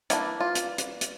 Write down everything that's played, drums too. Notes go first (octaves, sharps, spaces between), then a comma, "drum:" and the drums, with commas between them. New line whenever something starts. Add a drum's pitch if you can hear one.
E3 A#3 D4 E4, drum: hi-hat
F4
drum: hi-hat
drum: hi-hat
drum: hi-hat